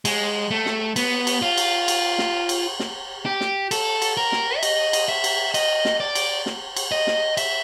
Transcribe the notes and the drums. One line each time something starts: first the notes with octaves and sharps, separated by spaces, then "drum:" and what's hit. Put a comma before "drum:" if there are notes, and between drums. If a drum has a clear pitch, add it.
G#3, drum: cymbal
A3
drum: snare
B3, drum: cymbal
drum: cymbal
F4
drum: cymbal
drum: cymbal
drum: snare
drum: cymbal
drum: snare
G4
drum: snare
A4, drum: cymbal
drum: cymbal
A#4
drum: snare
E5
D#5, drum: cymbal
drum: cymbal
E5
drum: cymbal
D#5, drum: cymbal
drum: snare
D5
drum: cymbal
drum: snare
drum: cymbal
D#5
drum: snare
E5, drum: cymbal